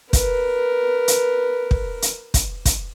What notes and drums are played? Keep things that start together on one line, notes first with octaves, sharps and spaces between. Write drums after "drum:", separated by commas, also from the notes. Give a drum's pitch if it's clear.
A#4 B4, drum: kick, hi-hat
drum: hi-hat
drum: kick
drum: hi-hat
drum: kick, hi-hat
drum: kick, hi-hat